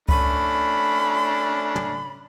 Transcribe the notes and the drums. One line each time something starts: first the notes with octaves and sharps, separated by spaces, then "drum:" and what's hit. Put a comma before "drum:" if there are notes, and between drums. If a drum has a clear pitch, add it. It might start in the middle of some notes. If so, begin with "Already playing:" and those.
A3 C#4 D4 B5, drum: kick C#2
drum: tom